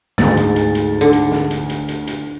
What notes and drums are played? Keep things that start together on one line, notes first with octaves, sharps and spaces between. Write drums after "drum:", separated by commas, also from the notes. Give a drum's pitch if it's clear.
D2 G#2 A6, drum: snare
drum: hi-hat
drum: hi-hat
drum: hi-hat
D3
drum: hi-hat
drum: snare
drum: hi-hat
drum: hi-hat
drum: hi-hat
drum: hi-hat